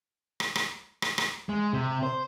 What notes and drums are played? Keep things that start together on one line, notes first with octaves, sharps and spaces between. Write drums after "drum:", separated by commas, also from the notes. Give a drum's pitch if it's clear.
drum: rim click
drum: rim click
drum: rim click
drum: rim click
G#3
C3
C5